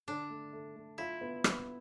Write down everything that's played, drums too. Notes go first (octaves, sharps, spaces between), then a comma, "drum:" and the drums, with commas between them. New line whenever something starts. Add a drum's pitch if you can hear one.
D3 D4
A3
A3
A3
E4 F4
B3
B3, drum: rim click